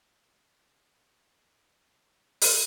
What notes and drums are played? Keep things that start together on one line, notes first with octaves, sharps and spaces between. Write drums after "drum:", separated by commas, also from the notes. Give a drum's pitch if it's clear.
G1 F3
D#3 C#4
E3 F3
B3 C4
B1 D#4
drum: open hi-hat